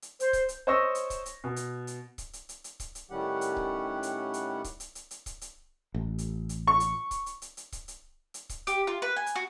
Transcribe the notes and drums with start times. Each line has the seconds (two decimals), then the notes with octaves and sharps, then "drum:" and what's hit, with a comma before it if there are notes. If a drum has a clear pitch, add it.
0.02 drum: hi-hat
0.20 C5, drum: hi-hat
0.33 drum: kick C#1, hi-hat
0.49 drum: hi-hat
0.67 C5 C#5 D#5 C#6 E6 A#6
0.95 drum: hi-hat
1.10 drum: kick C#1, hi-hat
1.26 drum: hi-hat
1.44 B2
1.56 drum: hi-hat
1.87 drum: hi-hat
2.18 drum: kick C#1, hi-hat
2.33 drum: hi-hat
2.49 drum: hi-hat
2.64 drum: hi-hat
2.80 drum: kick C#1, hi-hat
2.95 drum: hi-hat
3.10 A2 D#3 G3 C#4 G4 F#5
3.41 drum: hi-hat
3.57 drum: kick C#1
4.03 drum: hi-hat
4.34 drum: hi-hat
4.64 drum: kick C#1, hi-hat
4.80 drum: hi-hat
4.95 drum: hi-hat
5.11 drum: hi-hat
5.26 drum: kick C#1, hi-hat
5.41 drum: hi-hat
5.94 A1
6.18 drum: hi-hat
6.49 drum: hi-hat
6.67 C#6
6.80 drum: hi-hat
7.11 drum: kick C#1, hi-hat
7.26 drum: hi-hat
7.42 drum: hi-hat
7.57 drum: hi-hat
7.72 drum: kick C#1, hi-hat
7.88 drum: hi-hat
8.34 drum: hi-hat
8.49 drum: kick C#1, hi-hat
8.67 G4, drum: hi-hat
8.87 F4
9.02 B4
9.16 G#5
9.26 drum: hi-hat
9.35 F#4